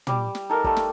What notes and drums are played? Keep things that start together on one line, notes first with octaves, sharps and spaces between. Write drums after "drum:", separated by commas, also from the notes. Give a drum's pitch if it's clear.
G3 D6, drum: tom
drum: snare
D#4 A4 A#4
G3 A3, drum: kick
drum: snare